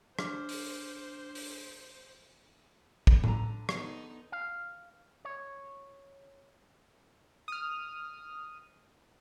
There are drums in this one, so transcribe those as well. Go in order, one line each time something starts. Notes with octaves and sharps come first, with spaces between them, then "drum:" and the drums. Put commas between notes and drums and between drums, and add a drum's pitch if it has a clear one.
D4 C5 D6 F6, drum: rim click
drum: open hi-hat
drum: open hi-hat
drum: kick
D3 A5 A#5, drum: tom A2
B3 D#4, drum: rim click
F5
C#5
D#6 F6